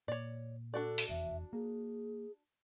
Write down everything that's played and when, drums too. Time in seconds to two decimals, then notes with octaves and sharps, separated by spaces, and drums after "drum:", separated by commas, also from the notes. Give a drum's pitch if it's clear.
0.08 A#2 C#5 D5
0.74 D4 F#4 A4 D5
0.98 drum: open hi-hat
1.09 F1 E2 E5
1.53 A#3 G#4